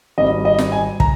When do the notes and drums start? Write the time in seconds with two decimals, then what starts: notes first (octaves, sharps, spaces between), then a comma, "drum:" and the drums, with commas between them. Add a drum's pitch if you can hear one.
0.18 G#1 G#2 G3 D#5
0.45 D#5
0.59 drum: snare
0.72 G#5
1.00 A#5, drum: kick